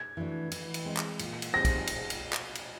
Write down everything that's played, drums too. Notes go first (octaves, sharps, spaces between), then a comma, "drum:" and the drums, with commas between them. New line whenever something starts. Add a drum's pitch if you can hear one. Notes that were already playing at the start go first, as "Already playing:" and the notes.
Already playing: G#6
E3 A3 D4 F#4
E3, drum: cymbal
drum: cymbal
G#3 C4
drum: clap
A#2, drum: cymbal
drum: cymbal
G3 C4 A#6
drum: kick B1, cymbal
drum: cymbal
drum: cymbal
drum: clap
drum: cymbal